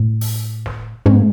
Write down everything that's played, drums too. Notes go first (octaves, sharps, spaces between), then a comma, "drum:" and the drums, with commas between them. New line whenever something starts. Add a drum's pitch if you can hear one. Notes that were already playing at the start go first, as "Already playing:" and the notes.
Already playing: A2
drum: open hi-hat
drum: snare
G#2, drum: tom